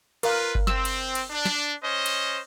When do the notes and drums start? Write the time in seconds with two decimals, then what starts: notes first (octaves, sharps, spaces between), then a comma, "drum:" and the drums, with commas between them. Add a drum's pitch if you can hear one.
0.23 F4 A#4 B4 F5, drum: cymbal
0.55 drum: kick G1
0.67 C4 E6, drum: snare
0.85 drum: cymbal
1.15 drum: cymbal
1.30 D4
1.45 drum: snare
1.83 C#4 C5 D#5
2.06 drum: cymbal